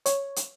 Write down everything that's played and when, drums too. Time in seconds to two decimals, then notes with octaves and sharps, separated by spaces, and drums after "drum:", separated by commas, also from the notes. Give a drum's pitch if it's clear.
0.06 C#5, drum: hi-hat
0.36 drum: hi-hat